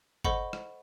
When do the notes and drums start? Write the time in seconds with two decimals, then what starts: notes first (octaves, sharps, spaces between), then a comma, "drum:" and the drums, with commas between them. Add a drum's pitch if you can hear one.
0.24 A4 C5 D#5 F#5 B5 C#6, drum: kick
0.53 drum: rim click